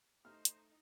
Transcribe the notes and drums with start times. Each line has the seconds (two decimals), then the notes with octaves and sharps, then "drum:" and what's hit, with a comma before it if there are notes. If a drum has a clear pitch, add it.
0.25 A3 D#4 C5 F6
0.45 drum: hi-hat